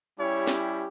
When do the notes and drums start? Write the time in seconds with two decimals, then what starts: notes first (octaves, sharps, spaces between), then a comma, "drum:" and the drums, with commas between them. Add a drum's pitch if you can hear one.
0.18 G3 C#4 E4 G4 C#5
0.47 drum: snare